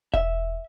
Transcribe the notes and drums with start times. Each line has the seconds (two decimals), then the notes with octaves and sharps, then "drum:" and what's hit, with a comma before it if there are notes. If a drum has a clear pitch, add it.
0.14 E5, drum: kick E1